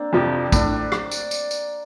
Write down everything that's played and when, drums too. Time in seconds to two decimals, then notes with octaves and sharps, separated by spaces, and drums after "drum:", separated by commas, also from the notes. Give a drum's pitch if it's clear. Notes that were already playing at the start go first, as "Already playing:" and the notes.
Already playing: A#3 C4 D4
0.13 F2 C3 F3
0.52 A2 D4, drum: kick, tambourine
0.92 drum: rim click
1.11 drum: tambourine
1.31 drum: tambourine
1.51 drum: tambourine